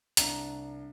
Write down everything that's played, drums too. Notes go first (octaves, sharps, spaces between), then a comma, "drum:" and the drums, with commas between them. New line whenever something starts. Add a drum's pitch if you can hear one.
C2 D4 A#5, drum: hi-hat